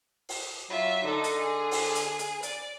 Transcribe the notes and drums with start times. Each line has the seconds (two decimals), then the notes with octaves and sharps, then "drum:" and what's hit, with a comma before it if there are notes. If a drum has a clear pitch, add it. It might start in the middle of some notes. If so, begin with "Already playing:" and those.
0.29 drum: open hi-hat
0.70 F#3 F4 E5
1.04 D3 D#4 A4
1.24 drum: hi-hat
1.39 G#4
1.71 drum: open hi-hat
1.95 drum: hi-hat
2.19 drum: hi-hat
2.43 D5, drum: hi-hat